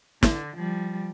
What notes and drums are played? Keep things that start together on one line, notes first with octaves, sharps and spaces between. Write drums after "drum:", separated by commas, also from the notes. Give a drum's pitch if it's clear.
D3, drum: snare
F3 G3